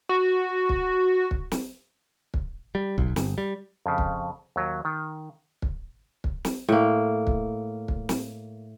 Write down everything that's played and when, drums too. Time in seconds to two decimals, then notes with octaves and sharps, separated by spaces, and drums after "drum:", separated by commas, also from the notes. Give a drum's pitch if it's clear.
0.09 F#4
0.69 drum: kick
1.31 drum: kick
1.51 drum: snare
2.34 drum: kick
2.75 G3
2.98 B1, drum: kick
3.16 G1, drum: snare
3.38 G3
3.86 F2 C#3
3.98 drum: kick
4.56 D#2 F#3
4.85 D#3
5.62 drum: kick
6.24 drum: kick
6.45 drum: snare
6.69 A2 A#3
7.27 drum: kick
7.88 drum: kick
8.09 drum: snare